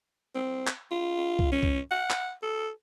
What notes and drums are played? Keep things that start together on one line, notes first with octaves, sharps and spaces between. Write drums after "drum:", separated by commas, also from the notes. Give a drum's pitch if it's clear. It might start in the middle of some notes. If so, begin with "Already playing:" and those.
C4
drum: clap
F4
drum: kick C2
C#4
drum: kick C2
F#5
drum: clap
A4